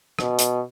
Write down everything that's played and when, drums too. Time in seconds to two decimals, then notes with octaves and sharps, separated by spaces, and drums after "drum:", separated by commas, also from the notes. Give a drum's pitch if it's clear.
0.19 B2, drum: rim click
0.39 drum: hi-hat